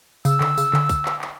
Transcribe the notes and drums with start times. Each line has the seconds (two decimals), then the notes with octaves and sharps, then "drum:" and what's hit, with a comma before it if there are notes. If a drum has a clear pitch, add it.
0.25 C#3 E6, drum: tambourine
0.41 D3, drum: clap
0.58 C#3, drum: tambourine
0.73 D3, drum: clap
0.89 drum: kick, tambourine
1.05 drum: clap
1.22 drum: clap